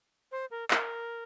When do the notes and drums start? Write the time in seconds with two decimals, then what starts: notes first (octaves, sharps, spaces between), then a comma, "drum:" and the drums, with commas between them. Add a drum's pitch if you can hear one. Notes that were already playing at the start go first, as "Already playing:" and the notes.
0.32 C5
0.51 A#4
0.71 A#4, drum: clap